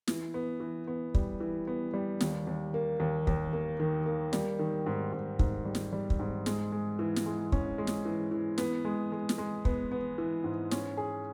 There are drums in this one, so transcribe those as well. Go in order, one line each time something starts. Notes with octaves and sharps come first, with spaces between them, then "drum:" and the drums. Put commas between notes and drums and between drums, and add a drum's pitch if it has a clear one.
E3, drum: snare
B3
E3
B3
G3, drum: kick
E3
B3
G3
D#2, drum: snare
D#2
A#3
D#2
D#2, drum: kick
A#3
D#3
A#3
G3, drum: snare
D#3
G#2
G#2
G#2, drum: kick
G3
drum: snare
G3
drum: kick
G#2
G#3, drum: snare
G#3
E3
drum: snare
G#3
C#4, drum: kick
G#3
drum: snare
E3
E3
B3, drum: snare
G#3
G#3
drum: snare
G#3
B3, drum: kick
B3
E3
G#2
C#4, drum: snare
G#4